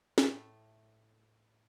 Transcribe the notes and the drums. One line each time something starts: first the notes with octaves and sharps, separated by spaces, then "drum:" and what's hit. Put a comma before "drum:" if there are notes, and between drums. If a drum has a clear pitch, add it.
A2 A3, drum: snare